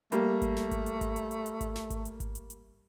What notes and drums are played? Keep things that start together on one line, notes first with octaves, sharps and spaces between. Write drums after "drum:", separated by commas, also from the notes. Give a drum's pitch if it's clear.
G3 A3 A#3, drum: hi-hat
drum: kick G#1, hi-hat
drum: snare
drum: kick G#1, hi-hat
drum: hi-hat
drum: kick G#1, hi-hat
drum: hi-hat
drum: hi-hat
drum: hi-hat
drum: kick G#1, hi-hat
drum: snare
drum: kick G#1, hi-hat
drum: hi-hat
drum: kick G#1, hi-hat
drum: hi-hat
drum: hi-hat